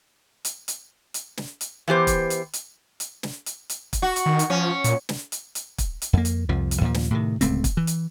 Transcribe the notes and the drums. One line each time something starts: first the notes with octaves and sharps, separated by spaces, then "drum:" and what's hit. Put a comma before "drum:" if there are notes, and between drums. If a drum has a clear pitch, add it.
drum: hi-hat
drum: hi-hat
drum: hi-hat
drum: snare
drum: hi-hat
E3 B3 G4 C5
drum: kick, hi-hat
drum: hi-hat
drum: hi-hat
drum: hi-hat
drum: snare
drum: hi-hat
drum: hi-hat
drum: kick, hi-hat
F#4
drum: hi-hat
D#3
drum: hi-hat
F3 C#4
A#2, drum: hi-hat
drum: snare
drum: hi-hat
drum: hi-hat
drum: kick, hi-hat
drum: hi-hat
F2 A#3
drum: hi-hat
C2 F2 F3
drum: hi-hat
D#2 A#2 F3
drum: snare
A2 C3 D#3
D1 C#2 A3 C4, drum: hi-hat
drum: kick, hi-hat
E3
drum: hi-hat